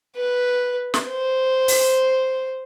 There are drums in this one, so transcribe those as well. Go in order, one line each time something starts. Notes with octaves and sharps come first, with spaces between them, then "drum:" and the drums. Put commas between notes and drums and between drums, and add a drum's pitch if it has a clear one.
B4
drum: snare
C5
drum: open hi-hat